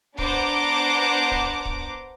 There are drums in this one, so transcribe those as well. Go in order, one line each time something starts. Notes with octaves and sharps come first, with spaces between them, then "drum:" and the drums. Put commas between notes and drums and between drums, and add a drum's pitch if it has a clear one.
B3 D4 C5 F#5 A#5 D6, drum: kick
drum: kick
drum: kick